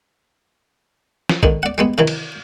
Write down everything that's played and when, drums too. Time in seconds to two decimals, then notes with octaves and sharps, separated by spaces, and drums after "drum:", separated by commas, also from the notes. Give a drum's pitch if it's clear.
1.29 drum: snare
1.43 G#2 D3 D#3, drum: kick
1.63 D5 F#5
1.78 G3 G#3 B3
1.98 C3 D#3 E3
2.07 drum: cymbal